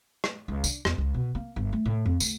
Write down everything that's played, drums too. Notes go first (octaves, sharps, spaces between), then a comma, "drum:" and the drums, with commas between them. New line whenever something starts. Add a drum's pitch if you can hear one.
drum: rim click
C#2
D4, drum: tambourine
E2, drum: rim click
C#2
B2
A#3
G1
A3
A2
F2
D2, drum: tambourine